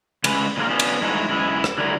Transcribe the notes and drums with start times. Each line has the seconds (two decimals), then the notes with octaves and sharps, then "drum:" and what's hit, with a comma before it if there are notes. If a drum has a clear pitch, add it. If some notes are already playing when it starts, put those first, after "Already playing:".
0.24 C#3 G#3 B4, drum: cymbal
0.57 A#2 D3 F#3 A#3 F4 A#4
0.70 B3 C#4 D4 F4
0.80 drum: cymbal
1.01 G2 F#3 G#3 A3 D#4 E4
1.29 F#2 G#3 E4
1.64 drum: rim click
1.78 D3 F#3 G3 E4 A#4